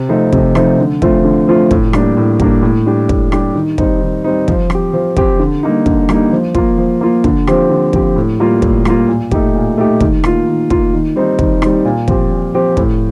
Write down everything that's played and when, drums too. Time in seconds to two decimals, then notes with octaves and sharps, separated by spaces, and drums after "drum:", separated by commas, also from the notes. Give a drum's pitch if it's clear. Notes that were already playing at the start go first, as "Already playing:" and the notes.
Already playing: C3
0.09 F3 A3 C4 D#4
0.33 C3, drum: kick
0.55 F3 A3 C4 D#4, drum: rim click
0.78 D3
1.02 F3 A3 C4 F4, drum: kick
1.24 D3
1.48 F3 A3 C4 F4
1.71 A2, drum: kick
1.93 G3 A#3 D4, drum: rim click
2.17 A2
2.40 G3 A#3 D4, drum: kick
2.62 A2
2.86 G3 D4 G4
3.09 A2, drum: kick
3.32 G3 D4 G4, drum: rim click
3.55 D#3
3.78 G3 C4 D#4, drum: kick
4.01 D#3
4.24 G3 C4 D#4
4.48 F3, drum: kick
4.70 C4 G4, drum: rim click
4.93 F3
5.17 C4 G4, drum: kick
5.39 D3
5.63 G3 A#3 D#4
5.86 D3, drum: kick
6.09 G3 A#3 D#4, drum: rim click
6.32 F3
6.55 A#3 F4, drum: kick
6.78 F3
7.01 A#3 F4
7.24 D3, drum: kick
7.47 F3 C4 G4, drum: rim click
7.70 D3
7.93 F3 C4 G4, drum: kick
8.16 A2
8.39 G3 A#3 F4
8.62 A2, drum: kick
8.85 G3 A#3 F4, drum: rim click
9.08 A#2
9.31 A3 D#4 G4, drum: kick
9.55 A#2
9.78 A3 D#4 G4
10.01 D#3, drum: kick
10.24 A#3 F4, drum: rim click
10.47 D#3
10.70 A#3 F4, drum: kick
10.93 D#3
11.16 G3 C4 D#4
11.39 D#3, drum: kick
11.62 G3 C4 D#4, drum: rim click
11.85 A#2
12.08 F3 C4 G4, drum: kick
12.31 A#2
12.54 F3 C4 G4
12.77 A2, drum: kick